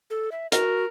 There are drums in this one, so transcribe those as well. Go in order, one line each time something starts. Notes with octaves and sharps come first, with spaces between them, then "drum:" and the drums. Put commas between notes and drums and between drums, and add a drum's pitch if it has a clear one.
A4
E5
F#4 A#4, drum: hi-hat